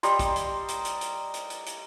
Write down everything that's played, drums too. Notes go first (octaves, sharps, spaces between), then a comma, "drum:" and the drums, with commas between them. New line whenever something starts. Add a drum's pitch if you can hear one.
G3 D#5 A#5 C6, drum: hi-hat
drum: kick, hi-hat
drum: hi-hat
drum: hi-hat
drum: hi-hat
drum: hi-hat
drum: hi-hat
drum: hi-hat
drum: hi-hat